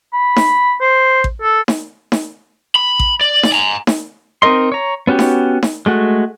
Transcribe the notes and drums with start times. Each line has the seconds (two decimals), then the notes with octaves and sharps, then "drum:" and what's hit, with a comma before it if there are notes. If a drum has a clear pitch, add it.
0.13 B5
0.36 drum: snare D#4
0.80 C5
1.24 drum: kick A1
1.42 A4
1.68 drum: snare D#4
2.12 drum: snare D#4
2.76 B5
2.99 drum: kick A1
3.21 D5
3.43 drum: snare D#4
3.52 G#5 A#5
3.87 drum: snare D#4
4.42 C4 D#4 A#4 D#5 C6
4.72 C#5 A#5
5.07 B3 C#4 F#4 G4
5.19 drum: snare D#4
5.63 drum: snare D#4
5.86 G#3 A3 F#4